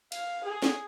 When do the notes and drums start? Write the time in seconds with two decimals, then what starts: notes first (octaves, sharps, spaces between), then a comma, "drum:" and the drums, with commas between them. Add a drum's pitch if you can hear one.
0.12 F5, drum: cymbal
0.44 G#4
0.63 drum: snare